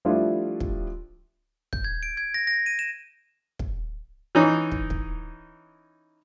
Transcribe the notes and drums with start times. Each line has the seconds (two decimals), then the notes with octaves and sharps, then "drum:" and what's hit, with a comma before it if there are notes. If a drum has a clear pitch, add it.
0.05 F3 G3 A3 D4 E4 F4
0.60 drum: kick
1.73 G6, drum: kick
1.84 G#6
2.03 D7
2.17 G#6
2.34 A#6
2.47 A#6
2.66 D#7
2.79 E7
3.59 drum: kick
4.35 E3 C#4 D#4
4.72 drum: kick
4.90 drum: kick